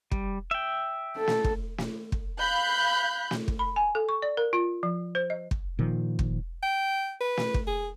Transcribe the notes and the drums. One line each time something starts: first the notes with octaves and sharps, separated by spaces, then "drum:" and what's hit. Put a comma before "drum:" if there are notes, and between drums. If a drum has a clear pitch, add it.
G3, drum: kick
E5 G5
A4
drum: snare
drum: kick
drum: snare
drum: kick
F5 B5 F#6 G6
drum: snare
drum: kick
B5
G#5
A4
C#6
D5
A#4
F4
F3
C5
D#5
drum: kick
A#2 D#3 F3
drum: kick
G5
B4
drum: snare
drum: kick
G#4